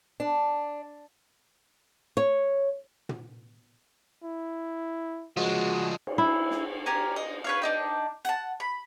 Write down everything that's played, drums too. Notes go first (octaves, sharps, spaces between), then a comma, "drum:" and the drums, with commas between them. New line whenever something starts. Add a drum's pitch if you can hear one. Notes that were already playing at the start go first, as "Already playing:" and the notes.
D4
C#5
drum: tom
E4
F3 G#3 F#4
drum: cymbal
E4
drum: snare
G4 A#4 G#5
D#5
B4 C#5 F5
D4 D#4 G5
F#5 A5, drum: hi-hat
B5